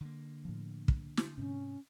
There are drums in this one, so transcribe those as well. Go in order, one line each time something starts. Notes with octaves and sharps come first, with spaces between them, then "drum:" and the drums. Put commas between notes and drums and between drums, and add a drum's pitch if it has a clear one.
D3 A#3
A2 F3
drum: kick
drum: snare
G#2 C3 C#4